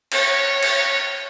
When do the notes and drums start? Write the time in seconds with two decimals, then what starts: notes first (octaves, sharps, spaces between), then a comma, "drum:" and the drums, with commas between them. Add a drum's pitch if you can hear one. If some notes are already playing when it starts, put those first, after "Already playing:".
0.12 C#5, drum: cymbal
0.63 drum: cymbal